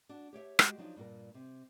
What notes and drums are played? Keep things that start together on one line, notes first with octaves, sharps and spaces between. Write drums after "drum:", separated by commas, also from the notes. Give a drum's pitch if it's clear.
D4 F#4
G4 C#5 D5 E5
G#3 F#4 G4, drum: rim click
F3 F#3 D4 D#4
G2 A#2 F#4 A#4
C3